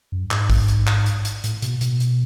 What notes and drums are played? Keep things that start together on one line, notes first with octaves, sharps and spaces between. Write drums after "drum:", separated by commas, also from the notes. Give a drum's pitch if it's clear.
F#2
G#2, drum: clap
drum: kick, open hi-hat
drum: hi-hat
drum: clap
drum: hi-hat
drum: hi-hat
A2, drum: hi-hat
B2, drum: hi-hat
B2, drum: hi-hat
drum: hi-hat